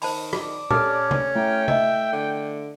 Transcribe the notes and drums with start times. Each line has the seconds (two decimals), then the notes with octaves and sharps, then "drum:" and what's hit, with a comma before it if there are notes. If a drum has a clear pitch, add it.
0.02 D#3 C5 A5 B5, drum: open hi-hat
0.33 D5, drum: rim click
0.71 C#4 G4 A4 A5 D6 F6, drum: tom A#2
1.11 drum: tom
1.36 A3 E4 G5
1.68 D#5 E5, drum: tom
2.13 D3